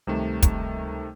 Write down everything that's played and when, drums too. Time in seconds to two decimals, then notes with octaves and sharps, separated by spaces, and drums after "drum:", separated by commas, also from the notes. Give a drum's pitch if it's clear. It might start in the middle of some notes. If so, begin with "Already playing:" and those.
0.07 C#2 C3 D#3 G3 A3 E7
0.42 drum: kick, hi-hat